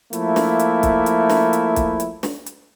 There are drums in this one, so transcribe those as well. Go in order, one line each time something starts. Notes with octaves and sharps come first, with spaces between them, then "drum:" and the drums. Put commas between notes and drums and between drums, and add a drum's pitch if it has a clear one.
F3 A3 A#3 E4, drum: hi-hat
drum: snare
drum: hi-hat
drum: kick, hi-hat
drum: hi-hat
drum: snare
drum: hi-hat
drum: kick, hi-hat
drum: hi-hat
drum: snare
drum: hi-hat